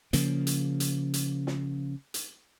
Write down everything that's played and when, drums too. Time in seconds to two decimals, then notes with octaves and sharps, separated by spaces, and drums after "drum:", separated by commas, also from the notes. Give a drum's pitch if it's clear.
0.13 C#3 F3 A#3, drum: hi-hat
0.47 drum: hi-hat
0.80 drum: hi-hat
1.14 drum: hi-hat
1.47 drum: snare
2.14 drum: hi-hat